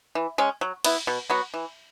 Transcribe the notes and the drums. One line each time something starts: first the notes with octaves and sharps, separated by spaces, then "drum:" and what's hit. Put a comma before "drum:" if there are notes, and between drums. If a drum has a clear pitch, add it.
E3
G#3 C#4
F#3
B3 E4, drum: cymbal
B2
F#3 B3 F#4
E3